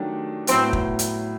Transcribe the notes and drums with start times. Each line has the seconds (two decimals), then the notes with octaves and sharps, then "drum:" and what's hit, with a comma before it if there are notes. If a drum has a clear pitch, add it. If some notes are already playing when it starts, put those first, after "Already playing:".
Already playing: D#3 F#3 A3 D4 G4
0.47 A2 F#3 B3 C4, drum: hi-hat
0.73 drum: kick
0.99 drum: hi-hat